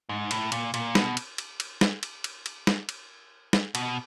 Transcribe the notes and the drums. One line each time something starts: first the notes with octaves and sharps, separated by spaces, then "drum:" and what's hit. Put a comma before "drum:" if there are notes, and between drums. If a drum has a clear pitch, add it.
G#2
A2, drum: cymbal
A#2, drum: cymbal
A#2, drum: cymbal
B2, drum: snare
drum: cymbal
drum: cymbal
drum: cymbal
drum: snare
drum: cymbal
drum: cymbal
drum: cymbal
drum: snare
drum: cymbal
drum: snare
B2, drum: cymbal